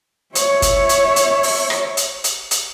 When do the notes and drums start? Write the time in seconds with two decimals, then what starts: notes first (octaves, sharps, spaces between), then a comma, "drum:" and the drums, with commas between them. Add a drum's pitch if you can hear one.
0.35 C#5 E5, drum: hi-hat
0.62 drum: kick, hi-hat
0.89 drum: hi-hat
1.16 drum: hi-hat
1.43 drum: open hi-hat
1.70 drum: rim click
1.97 drum: hi-hat
2.24 drum: hi-hat
2.51 drum: hi-hat